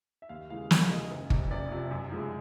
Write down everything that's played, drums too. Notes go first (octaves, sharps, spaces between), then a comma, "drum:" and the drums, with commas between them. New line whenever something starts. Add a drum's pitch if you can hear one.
E5
D#2 F5
C#3 E3 G#3 F5
D#2 E5, drum: snare
C#3 E3 G#3 D#5
F#1
F2 C3 F3, drum: kick
F#1 D5
F2 C3 F3
F#2
C#3 F3 G#3